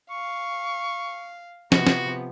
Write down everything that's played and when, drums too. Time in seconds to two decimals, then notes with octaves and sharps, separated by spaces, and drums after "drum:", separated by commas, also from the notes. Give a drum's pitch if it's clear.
0.10 F5 C#6
1.72 C3 F3 B3 F#4, drum: snare
1.87 drum: snare